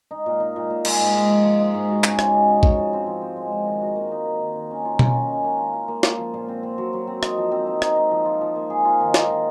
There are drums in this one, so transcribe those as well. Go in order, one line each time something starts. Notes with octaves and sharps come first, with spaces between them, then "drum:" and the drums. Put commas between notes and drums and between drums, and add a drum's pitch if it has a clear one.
D#4
A#2
D#4
A#2
A#2
G#3, drum: cymbal
G#2
G#2
F3
F3
D#4
G#2
F#4
C#3, drum: clap
G#3, drum: rim click
C#3
C#4
C#3, drum: kick
F3
C4
F3
C4
G#3
F3
D#3
F#4
A#3
D#4
A#3
D#3
D#3
C#4
F4
C#4, drum: tom B2
D#3
C#4
A#3
F4
F4
A#3
A#3, drum: snare
F3
A#2
C4
C4
F#3
F#3
C4
D#4, drum: rim click
F3
C4
D#4
D#4, drum: rim click
D#4
F3
F4
F3
A#3
G#4
F4
D#3
A#3, drum: snare
D#3